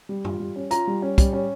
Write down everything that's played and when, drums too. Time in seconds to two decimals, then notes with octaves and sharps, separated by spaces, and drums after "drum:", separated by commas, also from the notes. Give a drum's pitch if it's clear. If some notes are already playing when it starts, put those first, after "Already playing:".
0.09 G3
0.25 F4, drum: tom G2
0.40 G3
0.56 C#4
0.71 F4 A#5, drum: hi-hat
0.87 G3
1.02 C#4
1.18 G3, drum: kick, hi-hat
1.33 C#4